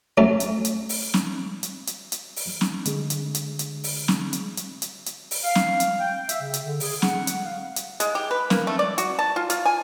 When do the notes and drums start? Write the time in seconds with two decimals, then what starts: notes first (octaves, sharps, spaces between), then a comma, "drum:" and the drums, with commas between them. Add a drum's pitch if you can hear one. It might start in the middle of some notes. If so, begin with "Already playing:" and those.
0.17 F#3 A3 C#4
0.40 drum: hi-hat
0.65 drum: hi-hat
0.89 drum: open hi-hat
1.14 drum: snare
1.63 drum: hi-hat
1.87 drum: hi-hat
2.12 drum: hi-hat
2.36 drum: open hi-hat
2.61 drum: snare
2.85 D3 G#3 G#4, drum: hi-hat
3.10 drum: hi-hat
3.35 drum: hi-hat
3.59 drum: hi-hat
3.84 drum: open hi-hat
4.08 drum: snare
4.33 drum: hi-hat
4.57 drum: hi-hat
4.82 drum: hi-hat
5.06 drum: hi-hat
5.31 drum: open hi-hat
5.45 F5
5.55 drum: snare
5.80 drum: hi-hat
6.00 G5
6.29 E5, drum: hi-hat
6.41 C#3
6.54 drum: hi-hat
6.64 D3
6.80 G#4, drum: open hi-hat
7.02 F#5, drum: snare
7.27 drum: hi-hat
7.46 F5
7.76 drum: hi-hat
8.00 G#3, drum: hi-hat
8.15 G4
8.31 B4
8.50 A#3, drum: snare
8.67 A3
8.79 D5
8.98 F#4, drum: hi-hat
9.19 A5
9.36 F4
9.50 F4, drum: hi-hat
9.66 G#5